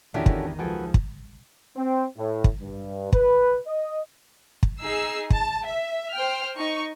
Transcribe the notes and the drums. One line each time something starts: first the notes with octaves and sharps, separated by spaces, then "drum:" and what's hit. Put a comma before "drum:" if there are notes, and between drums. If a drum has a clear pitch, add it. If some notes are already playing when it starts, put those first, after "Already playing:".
E2 D#3 C#4 D4 E4 F#4 G4 A4
drum: kick
C#2 F3 F#4 G#4 A4 B4 G5
drum: kick
C4
A2
drum: kick
G2
B4, drum: kick
D#5
drum: kick
D#4 G#4 E6 C7
A5, drum: kick
E5
C5 G5 F6
D#4 C#6